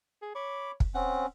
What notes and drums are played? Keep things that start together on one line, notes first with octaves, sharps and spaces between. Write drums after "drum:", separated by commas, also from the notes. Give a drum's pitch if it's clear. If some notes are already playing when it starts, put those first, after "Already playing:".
G#4
C#5 B5 D6
drum: kick
C4 C#4 F#5